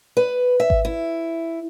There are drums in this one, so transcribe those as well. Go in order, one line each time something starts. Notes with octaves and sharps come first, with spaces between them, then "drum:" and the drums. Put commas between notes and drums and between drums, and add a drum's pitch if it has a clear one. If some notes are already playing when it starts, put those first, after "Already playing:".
B4
E5
drum: kick G#1
E4